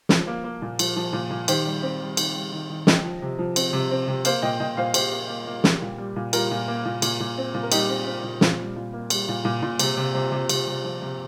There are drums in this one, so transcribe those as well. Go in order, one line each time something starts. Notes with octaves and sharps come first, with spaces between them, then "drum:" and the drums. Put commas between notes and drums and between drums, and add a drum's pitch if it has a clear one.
F3, drum: snare
A#3
A#3
A#2
F3, drum: cymbal
F3
A#2
A#2
D#3 G4 C5, drum: cymbal
G3
C4
G3
D#3, drum: cymbal
G3
D#3
D#3
F3 D#5 G5, drum: snare
F3
C3
F3
C4, drum: cymbal
C3
C4
C3
A#3 C5 F5, drum: cymbal
A#2 D#5 G5
A#2 D#5 G5
A#2 C5 F5
A#2 G4 C5, drum: cymbal
A#3
A#3
A#3
G3, drum: snare
A#2
G3
A#2
G3 F4 A#4, drum: cymbal
A#2
A#3
A#2
A#2, drum: cymbal
A#2
C4
A#2
A#4
G3 D#4 G4, drum: cymbal
C4
C4
A#2
A#2 C4 F4, drum: snare
G3
A#2
A#3
G3, drum: cymbal
A#2
A#2
A#2
C3, drum: cymbal
C3
C3
C3
C3, drum: cymbal
C3
F3
C3